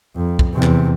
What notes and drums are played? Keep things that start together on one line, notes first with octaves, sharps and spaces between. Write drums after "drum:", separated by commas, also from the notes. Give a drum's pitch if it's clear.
F2
drum: kick
E2 C3
drum: clap